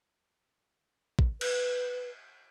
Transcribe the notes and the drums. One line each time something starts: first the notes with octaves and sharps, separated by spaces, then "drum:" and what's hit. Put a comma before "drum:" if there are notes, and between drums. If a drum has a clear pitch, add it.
drum: kick
B4, drum: cymbal